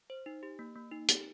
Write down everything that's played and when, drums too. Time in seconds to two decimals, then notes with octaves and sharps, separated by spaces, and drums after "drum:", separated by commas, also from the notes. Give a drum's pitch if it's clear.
0.10 C5
0.26 D#4
0.43 G4
0.59 A#3
0.76 A#3
0.92 D#4
1.09 G4, drum: hi-hat